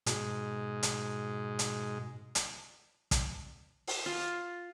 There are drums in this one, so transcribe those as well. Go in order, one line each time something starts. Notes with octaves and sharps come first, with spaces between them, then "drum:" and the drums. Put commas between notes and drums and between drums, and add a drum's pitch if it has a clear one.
G#2 B2, drum: hi-hat
drum: hi-hat
drum: hi-hat
drum: hi-hat
drum: kick, hi-hat
drum: open hi-hat
F4